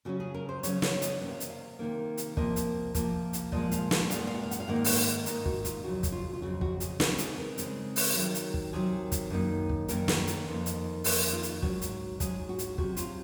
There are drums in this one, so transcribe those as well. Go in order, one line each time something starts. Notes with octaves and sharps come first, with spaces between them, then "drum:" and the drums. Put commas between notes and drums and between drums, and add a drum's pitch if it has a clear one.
C#3 F#3 C#4 F#4
G#4
A#4
C5
C#3 F#3 C#4 C#5, drum: hi-hat
C#5, drum: snare
D#5, drum: hi-hat
C3 D#3 A#3 F#5
F5
D#5, drum: hi-hat
F5
C3 D#3 A#3
drum: hi-hat
C3 F3 A#3 D#5, drum: kick
drum: hi-hat
C3 F3 A#3, drum: kick, hi-hat
drum: hi-hat
A#2 F3 G#3 D#5, drum: kick
F5, drum: hi-hat
drum: snare
A#2 F3 G#3 F5, drum: hi-hat
F#5
F5
F#5
F5
F#5, drum: hi-hat
F5
G#2 D#3 A#3 D#4 F#5
F5
F#5, drum: open hi-hat
F5
G#2 D#3 A#3 D#4, drum: hi-hat
F#4, drum: kick
F4, drum: hi-hat
F2 C#3 F#3 F#4
drum: kick, hi-hat
F4
F4
F2 C#3 F#3 F#4
F#4, drum: kick
G#4, drum: hi-hat
C#3 G#3 C4 D#4 A#4, drum: snare
G#4, drum: hi-hat
A#4
C#3 G#3 C4 D#4, drum: hi-hat
drum: open hi-hat
C3 D#3 F#3
drum: hi-hat
drum: kick
C3 D#3 F#3 G#4
drum: kick, hi-hat
F#2 D#3 A#3 D#4
drum: kick
F#2 D#3 A#3 D#4 A#4, drum: hi-hat
drum: snare
drum: hi-hat
F2 D#3 A#3
drum: hi-hat
F2 D#3 A#3 G#4, drum: open hi-hat
F4
drum: hi-hat
G#2 F#3 C#4 F#4, drum: kick
drum: hi-hat
G#2 F#3 C#4 G#4, drum: kick, hi-hat
F#4
drum: hi-hat
C3 F#3 C#4 F#4, drum: kick
F4, drum: hi-hat